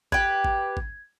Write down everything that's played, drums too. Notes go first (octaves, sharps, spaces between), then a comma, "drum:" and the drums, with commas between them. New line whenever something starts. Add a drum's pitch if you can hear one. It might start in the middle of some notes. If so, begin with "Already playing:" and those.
G4 B4 G#6, drum: kick
drum: kick
drum: kick